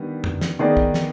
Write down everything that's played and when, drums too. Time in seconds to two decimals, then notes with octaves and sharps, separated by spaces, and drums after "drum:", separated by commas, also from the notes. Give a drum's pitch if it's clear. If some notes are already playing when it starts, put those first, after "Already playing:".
Already playing: D#3 G3 B3 D4
0.24 drum: tom F2
0.41 drum: snare
0.59 D#3 B3 D#4 G#4 D5
0.77 drum: kick
0.94 drum: snare